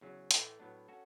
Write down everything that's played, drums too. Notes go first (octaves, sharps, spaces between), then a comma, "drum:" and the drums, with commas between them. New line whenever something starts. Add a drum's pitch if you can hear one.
E2 C#3 F#3
A2 E3 A3, drum: hi-hat
A2 F#3 B3 D4
C#4 F#4 A4